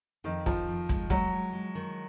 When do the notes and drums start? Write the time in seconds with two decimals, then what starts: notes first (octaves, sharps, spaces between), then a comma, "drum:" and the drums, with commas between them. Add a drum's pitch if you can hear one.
0.24 F2 D#3
0.46 F2 F3, drum: kick
0.68 F2
0.89 G#3, drum: kick
1.10 F#3 G#3, drum: kick
1.32 G#3
1.53 G#3
1.75 D#3